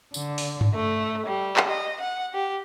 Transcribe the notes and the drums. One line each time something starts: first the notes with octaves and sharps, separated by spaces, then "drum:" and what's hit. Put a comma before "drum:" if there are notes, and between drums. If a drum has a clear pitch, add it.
D3, drum: tambourine
drum: open hi-hat
drum: tom G2
A3
G3
drum: clap
D#5
F#5
G4